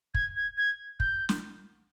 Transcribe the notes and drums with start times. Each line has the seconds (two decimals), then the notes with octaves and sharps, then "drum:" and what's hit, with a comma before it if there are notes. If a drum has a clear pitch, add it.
0.15 G#6, drum: kick
0.36 G#6
0.58 G#6
1.00 G6, drum: kick
1.29 drum: snare